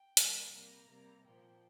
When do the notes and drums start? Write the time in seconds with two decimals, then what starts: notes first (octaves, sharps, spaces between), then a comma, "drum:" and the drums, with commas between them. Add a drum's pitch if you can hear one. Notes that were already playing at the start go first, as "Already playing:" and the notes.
Already playing: G5
0.17 D3 G3 A#3, drum: hi-hat
0.53 C3 G3 A#3 A#5
0.88 C3 G3 A#3
1.24 A#2 F3 A#3 G5